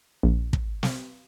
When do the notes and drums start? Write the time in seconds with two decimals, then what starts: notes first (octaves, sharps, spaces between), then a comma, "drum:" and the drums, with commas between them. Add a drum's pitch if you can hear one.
0.23 A#1
0.53 drum: kick
0.83 drum: snare